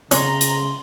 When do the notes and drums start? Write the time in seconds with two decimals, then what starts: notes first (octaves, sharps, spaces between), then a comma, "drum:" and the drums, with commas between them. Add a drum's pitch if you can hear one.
0.11 F2 C#3 F3 C#4 A#5 C6, drum: hi-hat
0.41 drum: hi-hat